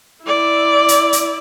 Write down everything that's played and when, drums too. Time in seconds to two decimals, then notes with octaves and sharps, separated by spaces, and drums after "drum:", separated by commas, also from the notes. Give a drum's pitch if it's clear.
0.23 E4 D5
0.88 drum: hi-hat
1.13 drum: hi-hat